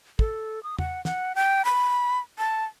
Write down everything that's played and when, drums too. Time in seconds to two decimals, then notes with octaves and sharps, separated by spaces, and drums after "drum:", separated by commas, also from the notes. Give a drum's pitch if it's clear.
0.19 A4, drum: kick
0.63 D#6
0.79 F#5, drum: tom
1.05 F#5, drum: snare
1.35 G5
1.65 B5
2.38 A5